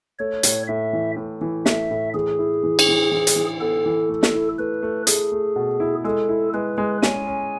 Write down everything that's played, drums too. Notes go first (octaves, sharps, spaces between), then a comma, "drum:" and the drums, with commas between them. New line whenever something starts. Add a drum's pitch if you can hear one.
A3 C#5
A2, drum: hi-hat
A2 E5
E3
A2
E3
A3 E5, drum: snare
A2
E3 G#4
E4
E3
drum: cymbal
E3
E3
drum: hi-hat
E3
B3 A4
E3
A3
drum: snare
E4
A3 B4
A3
A3 G#4, drum: hi-hat
A3
B2
E4
G#3 A4
E4
G#3 B4
G#3
C#4 G#5, drum: snare
C#4